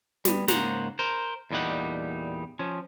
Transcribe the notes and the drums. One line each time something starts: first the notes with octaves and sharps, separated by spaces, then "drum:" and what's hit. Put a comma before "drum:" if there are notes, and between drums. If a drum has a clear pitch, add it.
G3 B3, drum: snare
G#2 C#3 A#3 C5 F#5 A#5, drum: snare
A#4 C5
E2 A#2 G3 D#4 F#5
F3 C#4